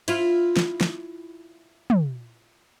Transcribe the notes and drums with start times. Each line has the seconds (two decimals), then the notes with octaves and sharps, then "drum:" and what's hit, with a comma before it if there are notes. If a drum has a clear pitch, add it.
0.08 E4 F4, drum: cymbal
0.57 drum: snare
0.81 drum: snare
1.90 drum: tom